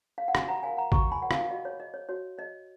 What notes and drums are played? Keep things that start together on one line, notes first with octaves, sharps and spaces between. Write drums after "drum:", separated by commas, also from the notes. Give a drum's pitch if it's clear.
F5
F#5
F#4 G#5, drum: rim click
F#5 A#5
A#4 C#5 F5 G#5
F#5 A#5
F#4 A#5 C#6, drum: kick
G#5 B5
A#4 C#5 F#5
F5 G#5, drum: rim click
F#4 D#5
C#5
C#5 D#5
C#5
F#4 C#5
C#5 D#5